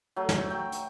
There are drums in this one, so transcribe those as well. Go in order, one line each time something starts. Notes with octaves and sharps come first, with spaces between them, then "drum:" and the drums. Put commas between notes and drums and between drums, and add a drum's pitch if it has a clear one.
F#3 A3
drum: snare
G5
drum: hi-hat